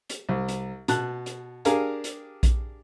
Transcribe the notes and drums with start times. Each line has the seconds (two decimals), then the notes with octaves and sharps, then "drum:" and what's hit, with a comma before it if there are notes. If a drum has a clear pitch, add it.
0.10 drum: hi-hat
0.29 C2
0.48 drum: hi-hat
0.88 B2 A5 F#6, drum: hi-hat
1.26 drum: hi-hat
1.65 D4 G4 G#4 A#4 F5 G#5, drum: hi-hat
2.04 drum: hi-hat
2.43 drum: kick A#1, hi-hat